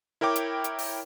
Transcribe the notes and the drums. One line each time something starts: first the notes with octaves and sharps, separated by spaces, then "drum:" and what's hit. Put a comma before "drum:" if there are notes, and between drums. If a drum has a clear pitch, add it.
E4 A#4 C#5 G5 D6
drum: hi-hat
drum: hi-hat
drum: open hi-hat